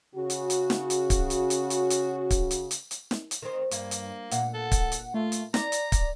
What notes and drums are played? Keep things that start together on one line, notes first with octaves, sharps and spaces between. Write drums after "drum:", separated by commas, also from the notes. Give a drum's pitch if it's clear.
C#3 F#4
drum: hi-hat
drum: hi-hat
drum: snare
drum: hi-hat
drum: kick, hi-hat
drum: hi-hat
drum: hi-hat
drum: hi-hat
drum: hi-hat
drum: kick, hi-hat
drum: hi-hat
drum: hi-hat
drum: hi-hat
drum: snare
drum: hi-hat
D#3 C4
G2 A#3, drum: hi-hat
drum: hi-hat
A#2 F5 F#5, drum: hi-hat
A4
drum: kick, hi-hat
drum: hi-hat
A3 F4
drum: hi-hat
D5 A#5, drum: snare
drum: hi-hat
drum: kick, hi-hat